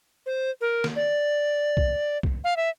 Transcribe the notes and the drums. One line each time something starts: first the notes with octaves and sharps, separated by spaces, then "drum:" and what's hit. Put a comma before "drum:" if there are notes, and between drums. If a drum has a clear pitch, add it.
C5
A#4
drum: snare
D5
drum: kick
drum: kick
F5
E5